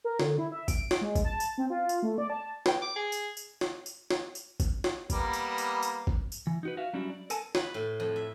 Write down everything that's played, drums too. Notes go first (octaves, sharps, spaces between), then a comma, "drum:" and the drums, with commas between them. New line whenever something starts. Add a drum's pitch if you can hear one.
A#4
D3, drum: snare
E4
E5
D7, drum: kick, tambourine
drum: snare
G#3
drum: kick, tambourine
A5
drum: tambourine
C4
F4
drum: tambourine
A3
D5
A5
B4 G5, drum: snare
D6
G#4
drum: tambourine
drum: tambourine
drum: snare
drum: tambourine
drum: snare
drum: tambourine
drum: kick, tambourine
drum: snare
G3 A#3 B3, drum: kick, tambourine
drum: tambourine
drum: tambourine
drum: tambourine
drum: kick
drum: tambourine
E3
D#4 F#4 B4
F#4 E5 F5
F#3 G3 C#4 D4 E4 F#4
D5
A4 A#4 G#5 A5, drum: tambourine
B4, drum: snare
A2
F2
E5